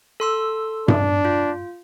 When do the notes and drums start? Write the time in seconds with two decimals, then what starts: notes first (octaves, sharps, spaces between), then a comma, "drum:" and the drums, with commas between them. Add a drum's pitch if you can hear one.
0.20 A4 C6 E6
0.88 D4, drum: tom G2
1.25 F4